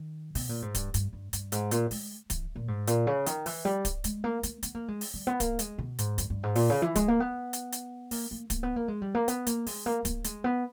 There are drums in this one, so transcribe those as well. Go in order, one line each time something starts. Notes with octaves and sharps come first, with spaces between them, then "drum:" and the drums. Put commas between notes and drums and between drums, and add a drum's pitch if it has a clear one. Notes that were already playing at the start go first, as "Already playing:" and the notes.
Already playing: D#3
B2, drum: open hi-hat
A#2
G#2
G2, drum: kick D1, hi-hat
G2, drum: hi-hat
G2
G2, drum: hi-hat
G#2, drum: hi-hat
A#2, drum: hi-hat
G#3, drum: open hi-hat
E3, drum: kick D1, hi-hat
A#2
G#2
A#2, drum: hi-hat
C#3
D#3, drum: hi-hat
E3, drum: open hi-hat
G3
drum: kick D1, hi-hat
G#3, drum: hi-hat
A#3
A#3, drum: hi-hat
B3, drum: hi-hat
A#3
G#3
drum: open hi-hat
G3
B3
A#3, drum: kick D1, hi-hat
G#3, drum: hi-hat
B2
G#2, drum: hi-hat
G2, drum: hi-hat
G2
G#2
A#2, drum: open hi-hat
C#3
E3
G#3, drum: kick D1, hi-hat
A#3
B3
drum: hi-hat
drum: hi-hat
A#3, drum: open hi-hat
A#3
A#3, drum: kick D1, hi-hat
B3
A#3
G#3
G3
A#3
B3, drum: hi-hat
A#3, drum: hi-hat
G#3, drum: open hi-hat
A#3
A#3, drum: kick D1, hi-hat
G#3, drum: hi-hat
B3